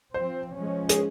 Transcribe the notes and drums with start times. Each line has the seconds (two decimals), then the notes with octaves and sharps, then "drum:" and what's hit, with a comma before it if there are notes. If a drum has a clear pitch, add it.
0.14 F3 C4 C5
0.57 F3 G#3 C#4
0.89 G#4, drum: hi-hat